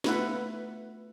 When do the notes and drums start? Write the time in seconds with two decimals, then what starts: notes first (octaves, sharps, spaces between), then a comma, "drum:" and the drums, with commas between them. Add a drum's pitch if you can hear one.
0.04 A3 B3 F4 B4 E5 F#5, drum: snare